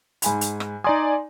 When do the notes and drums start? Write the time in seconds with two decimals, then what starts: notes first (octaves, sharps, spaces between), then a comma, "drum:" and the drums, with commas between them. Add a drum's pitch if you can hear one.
0.22 G#2 G#5 B5, drum: hi-hat
0.41 drum: hi-hat
0.60 drum: rim click
0.84 D#4 D5 G#5 A#5 C6 D#6